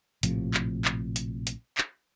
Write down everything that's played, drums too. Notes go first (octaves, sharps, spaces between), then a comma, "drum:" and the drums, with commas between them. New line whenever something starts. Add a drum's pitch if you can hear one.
A#1 A2 C3 F3, drum: hi-hat
drum: clap
drum: clap
drum: hi-hat
drum: hi-hat
drum: clap